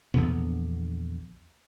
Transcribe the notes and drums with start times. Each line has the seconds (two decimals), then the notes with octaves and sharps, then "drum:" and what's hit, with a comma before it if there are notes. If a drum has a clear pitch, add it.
0.14 A#1 E2 D3 B3, drum: tom